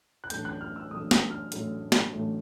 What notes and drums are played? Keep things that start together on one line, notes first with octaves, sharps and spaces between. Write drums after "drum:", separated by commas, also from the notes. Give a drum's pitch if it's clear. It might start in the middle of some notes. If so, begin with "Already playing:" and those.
F#6
A1 A2 F#3 A3 D4 G6, drum: hi-hat
F#6
F6
E6
A1 A2 F#3 A3 D4 D#6
drum: snare
F6
A1 A2 F#3 A3 D4, drum: hi-hat
drum: snare
A1 A2 F#3 A3 D4